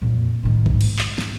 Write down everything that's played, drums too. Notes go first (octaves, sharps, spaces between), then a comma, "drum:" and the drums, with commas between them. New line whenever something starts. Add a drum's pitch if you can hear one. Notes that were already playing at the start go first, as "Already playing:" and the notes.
F2 A#2
A2 D#3
G#2 C4, drum: kick
drum: cymbal
drum: clap
drum: snare